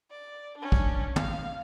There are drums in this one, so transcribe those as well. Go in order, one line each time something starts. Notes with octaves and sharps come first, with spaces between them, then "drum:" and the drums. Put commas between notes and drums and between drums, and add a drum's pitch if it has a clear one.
D5
C#4 D4
drum: kick
F5, drum: tom